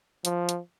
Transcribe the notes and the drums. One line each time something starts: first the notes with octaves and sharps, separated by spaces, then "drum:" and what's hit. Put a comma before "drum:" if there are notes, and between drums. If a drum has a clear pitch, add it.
F3, drum: hi-hat
drum: hi-hat